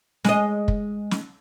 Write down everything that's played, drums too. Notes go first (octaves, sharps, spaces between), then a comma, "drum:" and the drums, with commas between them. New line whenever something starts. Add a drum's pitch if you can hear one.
G#3 D#5, drum: snare
drum: kick
drum: snare